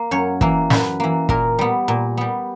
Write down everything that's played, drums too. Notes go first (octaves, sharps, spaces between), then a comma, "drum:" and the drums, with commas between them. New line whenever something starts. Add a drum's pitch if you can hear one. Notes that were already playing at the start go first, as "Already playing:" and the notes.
Already playing: A#3
F#2 C#5
E3 A#3, drum: kick
F#2 B4, drum: snare
E3 A#3
A#2 A#4, drum: kick
G3 B3
A#2
G3 B3